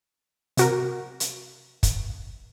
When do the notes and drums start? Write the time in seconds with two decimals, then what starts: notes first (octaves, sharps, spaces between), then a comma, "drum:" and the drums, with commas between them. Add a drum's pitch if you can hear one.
0.57 C3 F#4 A#4, drum: hi-hat
1.20 drum: hi-hat
1.83 drum: kick, hi-hat